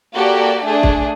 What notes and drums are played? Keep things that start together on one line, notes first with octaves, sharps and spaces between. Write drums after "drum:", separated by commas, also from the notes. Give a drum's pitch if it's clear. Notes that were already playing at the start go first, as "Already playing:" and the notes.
A#3 F#4 G4 A4 D5
A3 D4 G#4
drum: kick